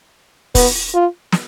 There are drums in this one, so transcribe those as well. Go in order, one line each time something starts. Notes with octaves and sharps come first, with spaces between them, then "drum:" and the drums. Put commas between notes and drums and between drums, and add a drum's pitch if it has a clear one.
B3, drum: kick F1, open hi-hat
F4
drum: snare